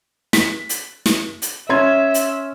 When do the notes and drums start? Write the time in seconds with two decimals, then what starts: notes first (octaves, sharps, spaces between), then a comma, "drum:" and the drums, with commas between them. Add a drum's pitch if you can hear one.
0.33 B6, drum: snare
0.69 drum: hi-hat
1.06 drum: snare
1.42 drum: hi-hat
1.69 C#4 E5 C6 G#6
2.14 drum: hi-hat